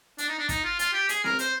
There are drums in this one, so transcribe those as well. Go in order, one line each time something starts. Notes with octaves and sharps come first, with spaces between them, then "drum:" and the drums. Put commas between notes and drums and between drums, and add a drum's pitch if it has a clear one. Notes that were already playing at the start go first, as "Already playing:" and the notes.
D4, drum: hi-hat
D#4
D4
D#4, drum: kick, hi-hat
F4
F4, drum: hi-hat
G4
G#4, drum: hi-hat
A#4, drum: snare C4
C5, drum: hi-hat